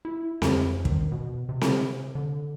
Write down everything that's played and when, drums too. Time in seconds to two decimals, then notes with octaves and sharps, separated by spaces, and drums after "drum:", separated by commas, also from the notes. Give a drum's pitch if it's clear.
0.05 E4
0.42 F2, drum: snare C4
0.85 D#3, drum: kick
1.12 B2
1.49 C3
1.61 drum: snare C4
2.15 D3